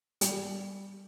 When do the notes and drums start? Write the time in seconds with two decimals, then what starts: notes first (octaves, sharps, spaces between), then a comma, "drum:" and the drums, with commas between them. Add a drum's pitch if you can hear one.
0.21 G3, drum: hi-hat